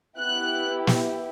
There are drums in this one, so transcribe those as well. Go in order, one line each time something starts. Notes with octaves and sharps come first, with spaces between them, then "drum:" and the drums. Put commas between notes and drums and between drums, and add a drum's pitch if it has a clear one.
B3 E4 G4 F#6
drum: snare